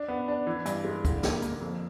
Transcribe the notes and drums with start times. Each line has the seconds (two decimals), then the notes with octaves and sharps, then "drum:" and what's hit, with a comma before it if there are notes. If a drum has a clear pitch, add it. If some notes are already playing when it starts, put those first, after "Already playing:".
Already playing: D4
0.08 B3
0.28 D4
0.47 E3
0.66 G2, drum: hi-hat
0.84 G#3
1.05 D3, drum: kick, hi-hat
1.23 A#3, drum: snare
1.42 A#3, drum: hi-hat
1.61 F2